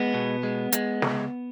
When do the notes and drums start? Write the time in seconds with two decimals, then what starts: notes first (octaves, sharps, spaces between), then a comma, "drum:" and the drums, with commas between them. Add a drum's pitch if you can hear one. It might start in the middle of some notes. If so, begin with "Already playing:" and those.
Already playing: G#3 B3
0.14 B2
0.43 G#3
0.72 G#3, drum: hi-hat
1.02 C#2, drum: snare